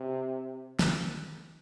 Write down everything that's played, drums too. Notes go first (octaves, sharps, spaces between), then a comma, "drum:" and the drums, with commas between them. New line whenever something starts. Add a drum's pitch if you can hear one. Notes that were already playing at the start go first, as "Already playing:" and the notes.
Already playing: C3
drum: snare